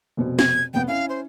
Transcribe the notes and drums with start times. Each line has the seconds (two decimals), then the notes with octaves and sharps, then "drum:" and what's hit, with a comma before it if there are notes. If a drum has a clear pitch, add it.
0.17 F1 B2 C5
0.39 G#6, drum: snare
0.74 F1 B3 F#5 G5
0.88 C#4 E4 F5
1.09 C5